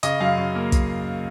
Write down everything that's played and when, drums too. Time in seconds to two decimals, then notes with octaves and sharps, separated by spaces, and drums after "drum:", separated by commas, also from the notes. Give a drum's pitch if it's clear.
0.03 C#3 D#5, drum: hi-hat
0.20 F#2 F5
0.38 C#3
0.55 A#3
0.72 drum: kick, hi-hat